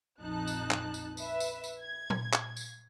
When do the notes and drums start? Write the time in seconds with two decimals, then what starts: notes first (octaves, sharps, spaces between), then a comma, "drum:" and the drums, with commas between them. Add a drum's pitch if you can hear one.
0.20 A#1 F2 D#4 A5 F#6
0.47 drum: tambourine
0.71 drum: clap
0.94 drum: tambourine
1.17 B4 E5, drum: tambourine
1.40 drum: tambourine
1.64 drum: tambourine
1.81 G#6
2.10 drum: tom
2.33 drum: clap
2.57 drum: tambourine